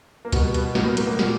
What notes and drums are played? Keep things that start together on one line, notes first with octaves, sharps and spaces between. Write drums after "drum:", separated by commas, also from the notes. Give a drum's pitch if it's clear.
A#3
B2 G3 B3, drum: kick C#2, hi-hat
B3, drum: hi-hat
A2 F#3 A#3, drum: snare
B3
A#3, drum: hi-hat
A#3
A#2 F#3, drum: snare